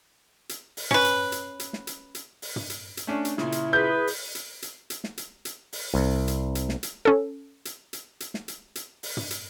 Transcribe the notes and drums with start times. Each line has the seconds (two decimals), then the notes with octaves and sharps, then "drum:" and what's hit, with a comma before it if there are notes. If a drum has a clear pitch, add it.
0.49 drum: hi-hat
0.77 drum: open hi-hat
0.91 C#4 B4, drum: tom
1.04 drum: hi-hat
1.32 drum: hi-hat
1.60 drum: hi-hat
1.73 drum: snare
1.87 drum: hi-hat
2.15 drum: hi-hat
2.42 drum: open hi-hat
2.56 drum: tom
2.70 drum: hi-hat
2.97 drum: hi-hat
3.07 A3 C#4 D4
3.25 drum: hi-hat
3.38 A#2 C#3 E4, drum: snare
3.52 drum: hi-hat
3.73 G#4 B4 G6
4.07 drum: open hi-hat
4.35 drum: hi-hat
4.62 drum: hi-hat
4.90 drum: hi-hat
5.04 drum: snare
5.18 drum: hi-hat
5.45 drum: hi-hat
5.73 drum: open hi-hat
5.94 C2
6.28 drum: hi-hat
6.55 drum: hi-hat
6.69 drum: snare
6.83 drum: hi-hat
7.05 C#4 A4
7.65 drum: hi-hat
7.93 drum: hi-hat
8.20 drum: hi-hat
8.34 drum: snare
8.48 drum: hi-hat
8.75 drum: hi-hat
9.03 drum: open hi-hat
9.17 drum: tom
9.31 drum: hi-hat